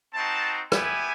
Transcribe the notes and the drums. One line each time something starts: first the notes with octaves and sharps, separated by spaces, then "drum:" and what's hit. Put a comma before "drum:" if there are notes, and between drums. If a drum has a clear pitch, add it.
C4 D#4 F#4 A5
B3 E4 G4 G#5, drum: rim click